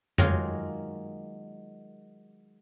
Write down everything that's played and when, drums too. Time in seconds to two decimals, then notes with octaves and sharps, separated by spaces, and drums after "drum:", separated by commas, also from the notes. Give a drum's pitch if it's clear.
0.18 D#3 F#3 G#3 A#3 D#4 F4, drum: tom F2